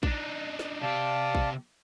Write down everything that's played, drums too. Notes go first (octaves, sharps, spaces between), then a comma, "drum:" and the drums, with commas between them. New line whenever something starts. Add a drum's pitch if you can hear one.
D4 D#4, drum: kick
drum: snare
C3 G4 D5 F5 A5
drum: kick